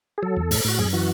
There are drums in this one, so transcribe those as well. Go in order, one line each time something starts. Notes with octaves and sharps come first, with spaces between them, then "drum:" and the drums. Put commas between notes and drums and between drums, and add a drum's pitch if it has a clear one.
G#4
F#3 A4
E2
A2, drum: open hi-hat
A2 F#4
F#2 G#4
E3 F#4